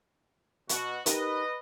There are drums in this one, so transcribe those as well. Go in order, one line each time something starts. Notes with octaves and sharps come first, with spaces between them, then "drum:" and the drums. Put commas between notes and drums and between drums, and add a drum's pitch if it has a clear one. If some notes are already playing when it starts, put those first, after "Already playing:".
B2 F#4, drum: hi-hat
D#4 G4 A#4 B4 D#5, drum: hi-hat